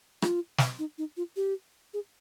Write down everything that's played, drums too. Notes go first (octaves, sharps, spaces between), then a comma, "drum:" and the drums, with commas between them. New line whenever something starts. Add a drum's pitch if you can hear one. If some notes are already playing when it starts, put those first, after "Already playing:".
F4, drum: rim click
drum: snare
D#4
D#4
F4
G4
G#4